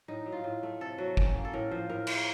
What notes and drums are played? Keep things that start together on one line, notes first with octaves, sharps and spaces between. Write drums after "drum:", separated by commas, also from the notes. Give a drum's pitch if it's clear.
A2 D#4
F#3
F4
A2
A3
C3 A4
F#3 F#4
C#4, drum: kick
A#3
A4
A2 A#4
F3 C5
A2 A#4
A#3, drum: cymbal